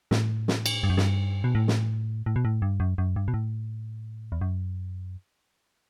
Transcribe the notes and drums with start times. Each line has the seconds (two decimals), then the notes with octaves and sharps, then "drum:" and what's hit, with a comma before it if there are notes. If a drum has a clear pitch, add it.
0.11 A2, drum: snare
0.48 drum: snare
0.66 drum: cymbal
0.83 G2
0.90 F#2
0.97 G2, drum: snare
1.44 B2
1.55 A2
1.68 drum: snare
2.26 A2
2.36 B2
2.45 A2
2.62 G2
2.80 F#2
2.98 F#2
3.16 G2
3.28 B2
3.34 A2
4.32 E2
4.41 F#2